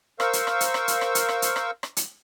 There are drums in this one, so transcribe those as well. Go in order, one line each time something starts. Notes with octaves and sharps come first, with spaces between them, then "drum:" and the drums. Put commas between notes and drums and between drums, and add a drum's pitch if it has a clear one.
A#4 C5 F5 C#6 E6, drum: rim click
drum: hi-hat
drum: rim click
drum: hi-hat
drum: rim click
drum: hi-hat
drum: rim click
drum: hi-hat
drum: rim click
drum: hi-hat
drum: rim click
drum: rim click
drum: hi-hat